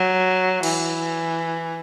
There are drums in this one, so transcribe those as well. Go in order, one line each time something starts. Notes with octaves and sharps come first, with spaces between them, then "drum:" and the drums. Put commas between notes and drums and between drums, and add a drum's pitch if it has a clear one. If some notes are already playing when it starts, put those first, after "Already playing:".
Already playing: F#3
E3, drum: cymbal